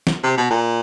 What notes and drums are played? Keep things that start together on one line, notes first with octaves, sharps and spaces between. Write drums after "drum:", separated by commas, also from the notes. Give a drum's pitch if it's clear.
drum: snare
C3
B2
A#2